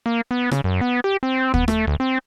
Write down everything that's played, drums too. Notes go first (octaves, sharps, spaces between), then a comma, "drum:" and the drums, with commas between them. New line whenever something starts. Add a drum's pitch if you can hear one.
A#3
B3
C#3, drum: rim click
F#2
B3
G4
C4
B3, drum: kick
A3, drum: rim click
D2
C4